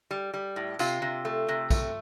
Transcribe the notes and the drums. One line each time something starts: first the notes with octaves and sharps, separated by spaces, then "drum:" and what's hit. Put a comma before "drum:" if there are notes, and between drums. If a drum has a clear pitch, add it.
G3
G3
A2
C3 F4, drum: tambourine
C3
A3
C3
A3, drum: kick, tambourine